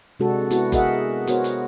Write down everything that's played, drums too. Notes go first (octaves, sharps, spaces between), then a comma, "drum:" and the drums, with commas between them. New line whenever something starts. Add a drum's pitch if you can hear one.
C3 G#3 D4 F#4 A4
B3 E4 F#4, drum: hi-hat
F#4 G#4 A#4 D#5 E5 F#5, drum: kick F#1, hi-hat
B3 F#4 A#4 C5 C#5, drum: hi-hat
drum: hi-hat